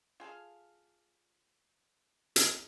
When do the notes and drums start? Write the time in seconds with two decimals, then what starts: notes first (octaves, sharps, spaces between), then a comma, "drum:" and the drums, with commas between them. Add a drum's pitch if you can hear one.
0.20 F4 G#4 A4 F5
2.36 drum: hi-hat